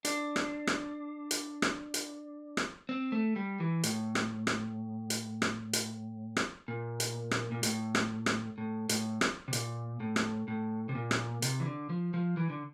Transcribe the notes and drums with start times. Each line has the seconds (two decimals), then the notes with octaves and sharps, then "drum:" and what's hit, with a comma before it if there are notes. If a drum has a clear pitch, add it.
0.05 D4, drum: hi-hat
0.36 drum: rim click
0.67 drum: rim click
1.31 drum: hi-hat
1.62 drum: rim click
1.94 drum: hi-hat
2.57 drum: rim click
2.89 C4
3.12 A3
3.36 G3
3.60 E3
3.83 A2, drum: hi-hat
4.15 drum: rim click
4.47 drum: rim click
5.10 drum: hi-hat
5.42 drum: rim click
5.73 drum: hi-hat
6.37 drum: rim click
6.68 A#2
7.00 drum: hi-hat
7.31 drum: rim click
7.52 A#2
7.63 A2, drum: hi-hat
7.95 drum: rim click
8.26 drum: rim click
8.58 A2
8.89 A2, drum: hi-hat
9.21 drum: rim click
9.48 C3
9.53 A#2, drum: hi-hat
10.00 A2
10.16 drum: rim click
10.48 A2
10.89 C3
10.95 A#2
11.11 drum: rim click
11.42 C3, drum: hi-hat
11.60 E3
11.66 D3
11.90 F3
12.14 F3
12.37 E3
12.50 D3